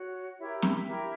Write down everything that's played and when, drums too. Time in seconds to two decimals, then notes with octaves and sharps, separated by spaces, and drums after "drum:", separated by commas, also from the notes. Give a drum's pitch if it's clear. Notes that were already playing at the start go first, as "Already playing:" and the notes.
Already playing: F#4 C#5
0.38 E4 G4 A#4 C#5 E5
0.62 E5 G5, drum: snare
0.85 E4 G4 A#4